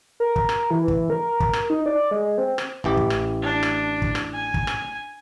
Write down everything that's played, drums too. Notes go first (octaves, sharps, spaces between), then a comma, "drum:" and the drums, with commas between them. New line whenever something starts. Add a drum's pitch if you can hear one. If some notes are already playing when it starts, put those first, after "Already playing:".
A#4
drum: kick
drum: rim click
E3
drum: kick
A#4
drum: kick
drum: rim click
D#4
D5
G#3
C4
drum: rim click
A1 E3 G4
drum: kick
drum: rim click
D4
drum: rim click
drum: kick
drum: rim click
G#5
drum: kick
drum: rim click